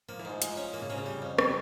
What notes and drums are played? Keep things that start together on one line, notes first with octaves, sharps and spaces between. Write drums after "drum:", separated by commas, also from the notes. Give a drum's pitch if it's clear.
F3 A#3
E3
G#2 F3
G#3, drum: hi-hat
C#4
E3 A#3
C#3
C3 C#4
C#3
G3
F2
G3, drum: rim click